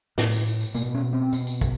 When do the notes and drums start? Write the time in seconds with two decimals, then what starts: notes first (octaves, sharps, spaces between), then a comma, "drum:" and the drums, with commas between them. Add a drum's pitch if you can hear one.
0.18 A2, drum: snare
0.32 drum: tambourine
0.46 drum: tambourine
0.61 drum: tambourine
0.75 B2 A#3, drum: tambourine
0.95 C#4
1.13 C4
1.33 B2, drum: tambourine
1.47 drum: tambourine
1.61 drum: kick, tambourine